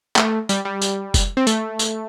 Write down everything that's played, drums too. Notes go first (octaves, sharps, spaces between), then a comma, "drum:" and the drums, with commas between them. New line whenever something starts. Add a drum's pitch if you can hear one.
A3, drum: clap
G3, drum: tambourine
G3
drum: tambourine
drum: kick F1, tambourine
C4
A3, drum: tambourine
drum: tambourine